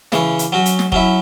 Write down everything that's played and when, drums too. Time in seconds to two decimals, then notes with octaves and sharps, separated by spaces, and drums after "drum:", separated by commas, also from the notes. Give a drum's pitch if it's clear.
0.12 C#3 E3 C#4, drum: snare
0.39 drum: hi-hat
0.52 F#3 C#4 F#4
0.66 drum: hi-hat
0.79 drum: snare
0.92 F#3 C#4 E4, drum: kick F1